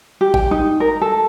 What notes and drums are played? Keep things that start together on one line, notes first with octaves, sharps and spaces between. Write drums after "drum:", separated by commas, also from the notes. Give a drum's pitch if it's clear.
G4
G5, drum: kick
D#4
A#4
A4